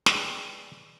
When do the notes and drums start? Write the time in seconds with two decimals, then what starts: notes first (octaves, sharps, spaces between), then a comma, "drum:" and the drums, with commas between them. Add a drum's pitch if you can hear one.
0.06 G#4 B4 D5 D#5 G5, drum: snare